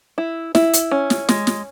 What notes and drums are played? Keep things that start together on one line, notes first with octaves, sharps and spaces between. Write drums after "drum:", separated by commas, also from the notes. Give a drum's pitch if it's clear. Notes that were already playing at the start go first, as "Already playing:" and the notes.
E4
E4, drum: snare
drum: hi-hat
C#4
drum: snare
G#3, drum: snare
drum: snare